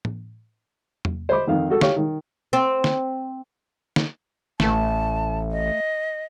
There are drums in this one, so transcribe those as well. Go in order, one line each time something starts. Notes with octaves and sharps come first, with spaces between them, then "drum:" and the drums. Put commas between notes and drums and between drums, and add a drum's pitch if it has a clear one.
drum: tom A2
drum: tom E2
C5 D#5 B5 D6
F2 D#3 F5
F#4 A4
G4 C#5 F5 C#6, drum: snare
D#3
C4
drum: snare
drum: snare
A1 A3 A5, drum: snare
D#5